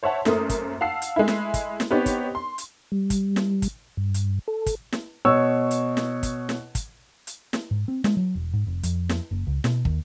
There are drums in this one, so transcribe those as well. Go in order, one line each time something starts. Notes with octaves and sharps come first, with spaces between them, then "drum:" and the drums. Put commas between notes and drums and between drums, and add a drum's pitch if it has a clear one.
C5 C#5 E5 F#5 A5
F#2 A3 A#3 C5 D#6, drum: snare
drum: kick, hi-hat
F5 F#5 A5 E6 C7
drum: hi-hat
G#3 A3 E4
drum: snare
drum: kick, hi-hat
drum: snare
B3 C4 D#4 G4 C#5
drum: kick, hi-hat
C6
drum: hi-hat
G3
drum: kick, hi-hat
drum: snare
drum: kick, hi-hat
G2
drum: hi-hat
A4
drum: kick, hi-hat
drum: snare
B2 C#5 C#6 E6
drum: hi-hat
drum: snare
drum: kick, hi-hat
drum: snare
drum: kick, hi-hat
drum: hi-hat
drum: snare
G#2
C4
G#3, drum: snare
F#3
E1
G#2
F1
F2, drum: hi-hat
drum: snare
F#1
C#2
B2, drum: snare
D#2, drum: kick